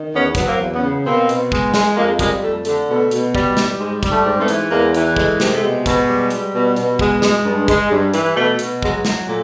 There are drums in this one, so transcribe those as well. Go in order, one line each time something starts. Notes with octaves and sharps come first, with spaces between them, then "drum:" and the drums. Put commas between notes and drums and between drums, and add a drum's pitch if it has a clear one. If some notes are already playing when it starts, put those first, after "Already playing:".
Already playing: D#3
E2 B3 C#4
F#3 B3, drum: kick, hi-hat
A#3 C4
E2
B3 C#4
C#3
B2 A#3 C4
B2, drum: hi-hat
G#3, drum: kick
G#3, drum: snare
F2 G#3 A#3
G3 G#3 A#3, drum: kick, hi-hat
F2 A3
D3 A3, drum: hi-hat
B2 A3
B2, drum: hi-hat
G3, drum: kick
G3, drum: snare
G#2 G#3
G3, drum: kick, hi-hat
A3
G#2
C4
A3 B3
E3, drum: hi-hat
E2 G#3 A#3
E3, drum: hi-hat
G#3 A3, drum: kick
C3 A#3, drum: snare
A3
B2 G#3
B2, drum: kick, hi-hat
G3
G3, drum: hi-hat
B2
B2, drum: hi-hat
G#3, drum: kick
G#3, drum: snare
G2
G#3, drum: kick, hi-hat
G2
E3, drum: hi-hat
B2 A3
B2, drum: hi-hat
F#3 G#3, drum: kick
F#3, drum: snare
A#2 A3